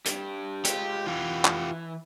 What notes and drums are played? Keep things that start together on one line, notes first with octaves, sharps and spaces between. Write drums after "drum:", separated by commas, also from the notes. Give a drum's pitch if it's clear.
D4 G4, drum: hi-hat
G#3 F4 G4, drum: hi-hat
E3 F4 G4
drum: clap